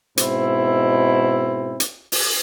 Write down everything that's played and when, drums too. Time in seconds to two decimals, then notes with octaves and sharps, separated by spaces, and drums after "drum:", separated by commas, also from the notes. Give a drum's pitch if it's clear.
0.17 G#2 B2 C4 E4, drum: hi-hat
1.80 drum: hi-hat
2.12 drum: open hi-hat